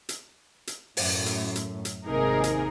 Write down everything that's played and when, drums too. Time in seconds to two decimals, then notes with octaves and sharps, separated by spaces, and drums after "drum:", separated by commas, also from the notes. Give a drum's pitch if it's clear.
0.09 drum: hi-hat
0.67 drum: hi-hat
0.97 F#2 A2, drum: open hi-hat
1.26 drum: hi-hat
1.55 drum: hi-hat
1.85 drum: hi-hat
2.06 G#1 C3 A#3 D#4 G#4 A#4
2.44 drum: hi-hat